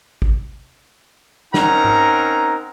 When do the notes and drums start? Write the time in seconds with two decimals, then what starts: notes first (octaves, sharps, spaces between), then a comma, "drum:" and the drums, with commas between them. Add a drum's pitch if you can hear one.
0.22 drum: kick
1.54 C4 C#4 D#4 A#4 F#5 A#5, drum: snare
1.84 drum: tom G#2